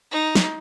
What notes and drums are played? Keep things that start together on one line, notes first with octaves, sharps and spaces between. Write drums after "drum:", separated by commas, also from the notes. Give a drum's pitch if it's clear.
D#4
drum: snare